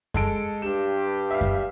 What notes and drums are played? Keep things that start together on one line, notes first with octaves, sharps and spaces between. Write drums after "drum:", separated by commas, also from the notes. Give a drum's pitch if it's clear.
G#3 A4 D7, drum: kick F#2
G2 G4 E7
E5 F5
drum: kick F#2